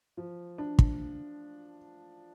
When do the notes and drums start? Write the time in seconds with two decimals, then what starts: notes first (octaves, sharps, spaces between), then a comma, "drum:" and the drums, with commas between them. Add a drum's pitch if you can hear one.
0.17 F3
0.58 D4
0.79 drum: kick